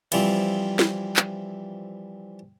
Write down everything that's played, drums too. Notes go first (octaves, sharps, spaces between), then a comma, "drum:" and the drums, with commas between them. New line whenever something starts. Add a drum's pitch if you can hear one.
E3 F3 G3 C4, drum: cymbal
drum: snare
drum: clap